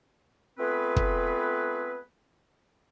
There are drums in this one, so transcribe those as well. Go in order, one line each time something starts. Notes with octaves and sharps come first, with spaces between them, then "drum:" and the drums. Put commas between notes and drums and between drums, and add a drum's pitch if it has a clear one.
A3 B3 C4 F4 G#4 B4
drum: kick